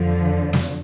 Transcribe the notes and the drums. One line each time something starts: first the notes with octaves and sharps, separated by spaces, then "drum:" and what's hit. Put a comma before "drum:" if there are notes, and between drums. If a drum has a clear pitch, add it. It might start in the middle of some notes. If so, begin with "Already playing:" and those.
Already playing: F2 D3 F3
drum: snare